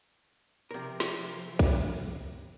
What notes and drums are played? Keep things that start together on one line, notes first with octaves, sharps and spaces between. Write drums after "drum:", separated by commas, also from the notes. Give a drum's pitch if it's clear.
C3 F3 A#4
drum: snare
drum: kick, cymbal